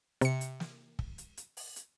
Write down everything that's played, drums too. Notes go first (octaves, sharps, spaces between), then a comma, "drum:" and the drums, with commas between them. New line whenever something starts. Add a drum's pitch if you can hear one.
C3 C#7, drum: hi-hat
drum: hi-hat
drum: snare
drum: kick
drum: hi-hat
drum: hi-hat
drum: open hi-hat
drum: hi-hat